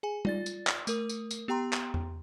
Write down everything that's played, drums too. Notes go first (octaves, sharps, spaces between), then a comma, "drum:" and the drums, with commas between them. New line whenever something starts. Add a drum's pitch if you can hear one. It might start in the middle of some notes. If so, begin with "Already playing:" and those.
G#4 G#5
F4 D5 A6, drum: tom G3
drum: tambourine
drum: clap
A3 A#4 D#6, drum: tambourine
drum: tambourine
drum: tambourine
B3 G4 G5 A#5 C6
drum: clap
drum: tom E2